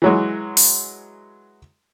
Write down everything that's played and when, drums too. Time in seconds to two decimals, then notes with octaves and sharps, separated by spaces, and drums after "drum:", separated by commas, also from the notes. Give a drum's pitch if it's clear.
0.02 E3 F#3 G#3
0.57 drum: open hi-hat